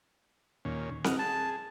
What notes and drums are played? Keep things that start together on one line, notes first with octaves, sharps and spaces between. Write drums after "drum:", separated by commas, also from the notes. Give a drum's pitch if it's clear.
D#2 A#2 C#4
D#5 F#5 F6, drum: snare C4
G#4 A5